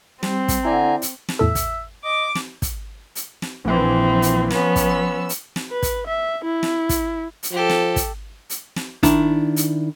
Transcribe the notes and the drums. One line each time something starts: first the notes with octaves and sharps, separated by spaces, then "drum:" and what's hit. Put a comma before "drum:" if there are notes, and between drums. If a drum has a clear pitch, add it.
G3 C4, drum: snare
drum: kick, hi-hat
D3 E4 D5 G#5 A#5
drum: hi-hat
drum: snare
E2 A2 A4 E5
drum: kick, hi-hat
D#5 D6
drum: snare
drum: kick, hi-hat
drum: hi-hat
drum: snare
A#1 E3 F3 C4
drum: hi-hat
F3 B3 C#4, drum: snare
drum: kick, hi-hat
E6
drum: hi-hat
drum: snare
B4
drum: kick, hi-hat
E5
E4
drum: snare
drum: kick, hi-hat
drum: hi-hat
F3 G4 A4
drum: snare
drum: kick, hi-hat
drum: hi-hat
drum: snare
D#3 D4 E4, drum: kick, hi-hat
drum: hi-hat